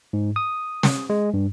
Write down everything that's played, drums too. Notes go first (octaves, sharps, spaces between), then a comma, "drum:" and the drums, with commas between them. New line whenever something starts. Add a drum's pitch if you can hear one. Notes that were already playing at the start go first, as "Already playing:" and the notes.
G#2
D#6
drum: snare
G#3
G2